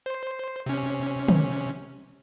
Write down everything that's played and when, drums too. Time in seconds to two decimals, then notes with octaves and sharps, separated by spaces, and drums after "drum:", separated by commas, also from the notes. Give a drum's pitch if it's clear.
0.06 C5
0.66 C3 C#4
1.28 drum: tom D3